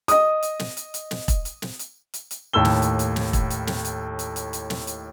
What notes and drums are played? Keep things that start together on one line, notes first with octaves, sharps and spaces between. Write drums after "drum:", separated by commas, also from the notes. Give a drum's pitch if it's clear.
D#5 D#6, drum: hi-hat
drum: hi-hat
drum: snare
drum: hi-hat
drum: hi-hat
drum: snare
drum: kick E1, hi-hat
drum: hi-hat
drum: snare
drum: hi-hat
drum: hi-hat
drum: hi-hat
D#2 A2 A4 E6 G7
drum: snare
drum: hi-hat
drum: hi-hat
drum: snare
drum: kick E1, hi-hat
drum: hi-hat
drum: snare
drum: hi-hat
drum: hi-hat
drum: hi-hat
drum: hi-hat
drum: snare
drum: hi-hat